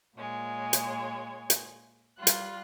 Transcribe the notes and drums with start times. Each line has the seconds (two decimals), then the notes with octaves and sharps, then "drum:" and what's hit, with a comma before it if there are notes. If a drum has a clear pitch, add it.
0.15 A#2 G#3 C#5
0.73 drum: hi-hat
1.50 drum: hi-hat
2.17 G3 F4 F#6
2.27 drum: hi-hat